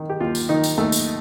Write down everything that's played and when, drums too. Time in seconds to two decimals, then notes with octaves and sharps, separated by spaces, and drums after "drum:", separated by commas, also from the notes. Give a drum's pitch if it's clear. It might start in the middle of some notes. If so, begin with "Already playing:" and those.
Already playing: D#3
0.10 G4
0.20 D#2 F4
0.35 drum: tambourine
0.49 D#3 D#4
0.64 drum: tambourine
0.78 D#2 A3
0.92 drum: tambourine